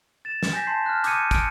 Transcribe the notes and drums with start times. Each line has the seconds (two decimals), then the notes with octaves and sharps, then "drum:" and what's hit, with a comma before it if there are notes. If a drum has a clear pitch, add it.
0.25 A6 E7
0.43 drum: snare
0.53 G#5 G6 A#6 B6
0.67 A5 C6 C7
0.86 F6 F#6
1.04 D6 D#6 G6 G#6 C#7 D#7, drum: hi-hat
1.31 C#7 D7, drum: kick, hi-hat